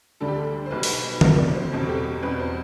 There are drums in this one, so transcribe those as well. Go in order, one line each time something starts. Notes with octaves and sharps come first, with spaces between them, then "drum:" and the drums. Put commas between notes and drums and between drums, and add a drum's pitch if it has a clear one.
D2 D3 G3 D4 A4
G4
A4
C5
B1 B2 G3 B4
drum: open hi-hat
B4
G1 G2 F#3 A3 A4, drum: tom D3
D5
C5
E2 B2 G3 C4 A4
G4
E2 B2 G3 C4 B4
C5